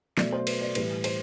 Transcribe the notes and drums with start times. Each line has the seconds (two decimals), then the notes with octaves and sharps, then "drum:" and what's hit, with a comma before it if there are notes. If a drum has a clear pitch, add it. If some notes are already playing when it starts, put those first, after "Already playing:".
0.18 B2 F#3 A3 D5, drum: snare
0.32 C5
0.47 B4, drum: cymbal
0.61 D5
0.75 A2 E3 G3 B4, drum: cymbal
1.04 C5, drum: cymbal